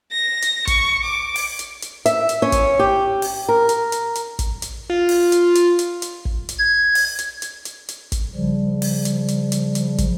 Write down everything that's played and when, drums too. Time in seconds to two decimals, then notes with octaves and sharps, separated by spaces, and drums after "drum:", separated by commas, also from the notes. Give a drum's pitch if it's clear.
0.12 A#6
0.42 drum: hi-hat
0.67 C#6, drum: kick, hi-hat
1.04 D6
1.36 drum: open hi-hat
1.59 drum: hi-hat
1.82 drum: hi-hat
2.06 E5, drum: hi-hat
2.29 drum: hi-hat
2.42 C#4
2.52 drum: kick, hi-hat
2.79 G4
3.22 drum: open hi-hat
3.49 A#4
3.69 drum: hi-hat
3.92 drum: hi-hat
4.15 drum: hi-hat
4.39 drum: kick, hi-hat
4.62 drum: hi-hat
4.90 F4
5.09 drum: open hi-hat
5.32 drum: hi-hat
5.55 drum: hi-hat
5.79 drum: hi-hat
6.02 drum: hi-hat
6.25 drum: kick
6.49 drum: hi-hat
6.59 G#6
6.95 drum: open hi-hat
7.19 drum: hi-hat
7.42 drum: hi-hat
7.65 drum: hi-hat
7.89 drum: hi-hat
8.12 drum: kick, hi-hat
8.35 C#3 F3 G3
8.82 drum: open hi-hat
9.05 drum: hi-hat
9.28 drum: hi-hat
9.52 drum: hi-hat
9.75 drum: hi-hat
9.98 drum: kick, hi-hat